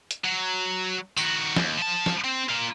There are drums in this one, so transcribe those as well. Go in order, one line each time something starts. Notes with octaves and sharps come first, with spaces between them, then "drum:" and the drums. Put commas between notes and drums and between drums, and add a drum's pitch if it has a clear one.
drum: hi-hat
F#3
D#3 F#4, drum: tambourine
D#2, drum: snare
F3 A5
drum: snare
C4
A#3 F4